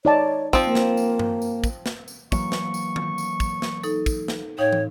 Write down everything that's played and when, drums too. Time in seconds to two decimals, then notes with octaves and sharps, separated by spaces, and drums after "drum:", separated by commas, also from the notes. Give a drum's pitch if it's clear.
0.05 D#4 C#5 D5 A5
0.53 F3 C4, drum: kick, tambourine
0.66 A#3
0.75 drum: snare
0.97 drum: tambourine
1.19 drum: tom G2
1.42 drum: tambourine
1.64 drum: kick, tambourine
1.86 drum: snare
2.08 drum: tambourine
2.32 E3 F#3 A#3 C#6, drum: kick, tambourine
2.52 drum: snare
2.74 drum: tambourine
2.96 drum: tom D#3
3.18 drum: tambourine
3.40 drum: kick, tambourine
3.62 drum: snare
3.84 D#4 A4, drum: tambourine
4.06 drum: kick, tambourine
4.28 drum: snare
4.59 A2 D#4 C#5 F5 G5
4.73 drum: tom